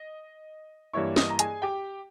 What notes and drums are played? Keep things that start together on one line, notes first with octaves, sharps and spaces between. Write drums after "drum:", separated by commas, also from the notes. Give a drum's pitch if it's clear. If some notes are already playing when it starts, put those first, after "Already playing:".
Already playing: D#5
G2 E3 A#3 E4 C#5 C#6
D#5 D#6, drum: snare
A#5
G#4 G#5, drum: hi-hat
G4 G5